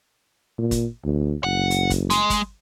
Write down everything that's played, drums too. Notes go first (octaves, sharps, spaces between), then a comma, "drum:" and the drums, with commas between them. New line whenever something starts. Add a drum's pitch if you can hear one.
A#2
drum: kick, hi-hat
D2
F#1 F#5
drum: hi-hat
drum: kick, hi-hat
G#3, drum: hi-hat
drum: kick, hi-hat